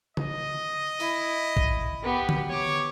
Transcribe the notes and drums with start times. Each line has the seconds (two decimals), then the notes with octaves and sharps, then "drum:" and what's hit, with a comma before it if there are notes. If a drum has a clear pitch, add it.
0.17 D#5, drum: tom C#3
1.00 E4, drum: open hi-hat
1.57 drum: kick A1
2.03 B3 G4
2.29 drum: tom D3
2.50 C#5 C#6 D6